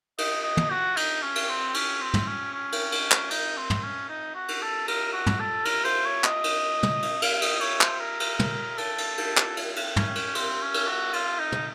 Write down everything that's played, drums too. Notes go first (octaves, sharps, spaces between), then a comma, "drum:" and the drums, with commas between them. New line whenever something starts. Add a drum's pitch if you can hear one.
D#5, drum: cymbal
D#5
drum: tom
F#4
D#4, drum: cymbal
C#4
drum: cymbal
C4
C#4, drum: cymbal
C4
drum: tom
C#4
C#4
drum: cymbal
drum: cymbal
drum: clap
D#4, drum: cymbal
C4
drum: tom
C#4
D#4
F#4
drum: cymbal
A4
A#4, drum: cymbal
F#4
drum: tom
A4
A#4, drum: cymbal
C5, drum: cymbal
C#5
D#5, drum: clap
drum: cymbal
drum: tom
drum: cymbal
F5, drum: cymbal
D#5, drum: cymbal
C#5, drum: cymbal
C5, drum: clap
A#4
drum: cymbal
drum: tom
A4, drum: cymbal
drum: cymbal
drum: cymbal
drum: clap
drum: cymbal
drum: cymbal
C#4, drum: tom
drum: cymbal
C4, drum: cymbal
C#4
drum: cymbal
F#4
F4, drum: cymbal
D#4
drum: tom